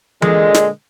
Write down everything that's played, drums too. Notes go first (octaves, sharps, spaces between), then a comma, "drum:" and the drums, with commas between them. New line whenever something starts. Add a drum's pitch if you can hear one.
A#2 D3 G#3, drum: tom E3
drum: snare